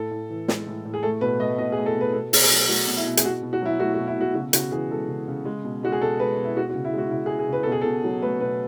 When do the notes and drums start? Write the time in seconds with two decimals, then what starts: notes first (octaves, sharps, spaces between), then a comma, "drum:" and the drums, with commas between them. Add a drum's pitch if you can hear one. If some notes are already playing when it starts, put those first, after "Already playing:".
Already playing: A2 A4
0.11 A2
0.30 E3
0.48 G#3, drum: snare
0.67 A2
0.85 A2
0.94 G#4
1.03 A3 A4
1.21 B2 B4
1.40 A3 D#5
1.58 B2 D#5
1.72 G#4
1.77 A3
1.86 A4
1.96 B2 B4
2.13 B2 A4
2.33 B2, drum: open hi-hat
2.42 G#4
2.51 F#3
2.69 A3 F#4
2.88 B2
2.97 E4
3.06 B2
3.17 G#4, drum: hi-hat
3.25 B2 F#4
3.42 B2
3.53 F#4
3.62 F#3 E4
3.80 A3 F#4
3.94 F#4
3.99 B2
4.07 E4
4.17 B2 F#4
4.35 C#3 F#4
4.53 C#3 F#4, drum: hi-hat
4.72 E3 G#4
4.91 G#3 A4
5.09 C#3
5.28 C#3
5.45 G#3
5.64 B2
5.83 G#3 F#4
5.92 G#4
6.01 B2 A4
6.19 G#3 B4
6.38 B2
6.45 E4
6.56 G#3 F#4
6.70 F#4
6.75 C#3
6.85 E4
6.93 G#3
6.98 F#4
7.11 C#3 E4
7.26 G#4
7.30 G#3
7.39 G#4
7.49 C#3 B4
7.63 B2 A4
7.72 G#4
7.81 B2 A4
8.04 F#3
8.22 A3 B4
8.40 B2 B4